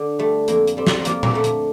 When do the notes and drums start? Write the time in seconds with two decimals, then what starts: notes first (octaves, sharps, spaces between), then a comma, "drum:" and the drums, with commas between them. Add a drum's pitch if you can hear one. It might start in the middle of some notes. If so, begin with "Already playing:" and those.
Already playing: D3
0.19 G3 A3
0.48 F2 A#3, drum: hi-hat
0.67 drum: hi-hat
0.77 G3 C4
0.87 drum: snare
1.05 F3 A#3, drum: hi-hat
1.23 A#3, drum: tom A#2
1.34 D3 A3
1.44 drum: hi-hat